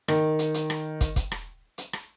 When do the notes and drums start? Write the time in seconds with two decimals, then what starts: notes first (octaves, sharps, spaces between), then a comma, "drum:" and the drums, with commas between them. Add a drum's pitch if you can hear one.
0.08 D#3, drum: rim click
0.39 drum: hi-hat
0.54 drum: hi-hat
0.70 drum: rim click
1.01 drum: kick, hi-hat
1.16 drum: kick, hi-hat
1.32 drum: rim click
1.78 drum: hi-hat
1.93 drum: rim click